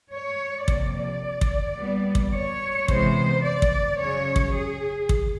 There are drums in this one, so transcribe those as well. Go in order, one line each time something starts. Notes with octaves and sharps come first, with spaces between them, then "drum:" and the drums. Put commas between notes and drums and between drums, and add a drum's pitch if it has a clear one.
C#5
C3 F3 A#3 D5, drum: kick
drum: kick
A#2 G3 B3
drum: kick
C#5
C3 E3 G#3 B3 C5, drum: kick
D5
drum: kick
F#2 C#3 F#3 C#5
drum: kick
G#4
drum: kick